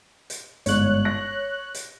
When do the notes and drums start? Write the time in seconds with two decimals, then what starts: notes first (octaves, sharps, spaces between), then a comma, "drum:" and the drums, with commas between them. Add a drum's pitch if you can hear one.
0.30 drum: hi-hat
0.66 G1 G#2 C#5 F#6, drum: hi-hat
1.05 A#6
1.75 drum: hi-hat